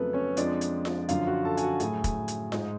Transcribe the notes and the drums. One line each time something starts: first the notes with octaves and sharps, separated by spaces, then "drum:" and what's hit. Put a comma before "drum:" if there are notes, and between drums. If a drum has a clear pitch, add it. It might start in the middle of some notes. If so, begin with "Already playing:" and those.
Already playing: F2 C#3 F#3 A3 B3 A4 B4
C#4 C#5
F2 F3 G#3 D4 D5, drum: hi-hat
drum: hi-hat
drum: snare F4
F#2 D3 F3 F4 F5, drum: hi-hat
F#4 F#5
A4 A5
G#5, drum: hi-hat
F#4 F#5
A2 F#3 A3 G#4 G#5, drum: hi-hat
drum: kick, hi-hat
drum: hi-hat
G#2 G#3, drum: snare F4